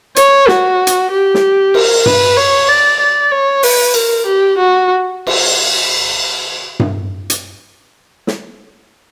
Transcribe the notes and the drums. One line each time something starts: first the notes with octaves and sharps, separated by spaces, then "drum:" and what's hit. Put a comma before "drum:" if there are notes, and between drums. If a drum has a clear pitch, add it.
C#5, drum: hi-hat
F#4, drum: snare
drum: hi-hat
G4
drum: snare
A#4, drum: cymbal
B4, drum: tom G2
C#5
D5
D5
C#5
B4, drum: open hi-hat
A#4, drum: cymbal
G4
F#4
drum: cymbal
drum: tom G2
drum: hi-hat
drum: snare